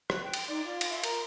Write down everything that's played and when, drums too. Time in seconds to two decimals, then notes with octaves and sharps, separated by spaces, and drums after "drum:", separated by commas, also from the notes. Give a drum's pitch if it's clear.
0.10 F#6, drum: rim click
0.23 G5
0.34 drum: cymbal
0.48 D#4 D5
0.63 F4
0.81 drum: cymbal
0.91 E5
1.04 A#4 A#5, drum: cymbal